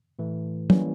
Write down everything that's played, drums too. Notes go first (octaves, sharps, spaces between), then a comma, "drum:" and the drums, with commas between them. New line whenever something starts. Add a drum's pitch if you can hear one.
A2 E3 A3
E3 G3 A#3 C#4, drum: tom